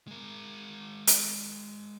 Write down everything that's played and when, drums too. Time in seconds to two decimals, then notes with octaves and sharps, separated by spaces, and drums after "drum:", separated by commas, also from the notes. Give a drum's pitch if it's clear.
0.07 G#3 A#4
1.07 drum: hi-hat